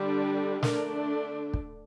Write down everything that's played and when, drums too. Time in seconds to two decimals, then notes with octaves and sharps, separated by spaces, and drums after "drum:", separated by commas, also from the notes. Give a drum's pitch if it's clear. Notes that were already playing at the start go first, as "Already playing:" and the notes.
Already playing: D3 G3 D4
0.63 D3 A3 D4 A#4, drum: snare
1.54 drum: kick